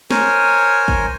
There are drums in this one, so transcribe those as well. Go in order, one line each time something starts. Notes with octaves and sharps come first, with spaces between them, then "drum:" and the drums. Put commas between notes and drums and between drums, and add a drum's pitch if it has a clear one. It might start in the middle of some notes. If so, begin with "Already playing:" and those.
A#4 C5 C#5 G#5, drum: snare
drum: kick